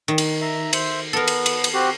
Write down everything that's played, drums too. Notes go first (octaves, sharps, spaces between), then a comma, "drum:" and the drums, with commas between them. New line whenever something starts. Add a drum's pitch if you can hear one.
D#3
drum: cymbal
E5 A#5
C5 E5, drum: cymbal
B3 A4 A#4
drum: cymbal
drum: cymbal
drum: cymbal
C4 F#4 G4